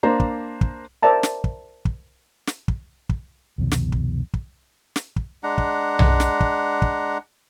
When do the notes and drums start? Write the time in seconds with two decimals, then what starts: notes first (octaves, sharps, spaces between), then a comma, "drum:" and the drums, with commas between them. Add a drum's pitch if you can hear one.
0.03 A#3 D4 C5 A#5
0.20 drum: kick
0.61 drum: kick
1.02 A#4 C5 D5 E5 A5 A#5
1.23 drum: snare
1.44 drum: kick
1.85 drum: kick
2.47 drum: snare
2.68 drum: kick
3.09 drum: kick
3.58 C2 F2 B2 D#3
3.71 drum: snare
3.92 drum: kick
4.34 drum: kick
4.96 drum: snare
5.16 drum: kick
5.43 G#3 D4 F#5 A#5
5.58 drum: kick
5.99 drum: tom B1
6.20 drum: snare
6.40 drum: kick
6.82 drum: kick